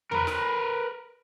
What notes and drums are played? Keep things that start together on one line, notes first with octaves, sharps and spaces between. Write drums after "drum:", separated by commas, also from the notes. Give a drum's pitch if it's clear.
A#4 B4, drum: tom E2
drum: snare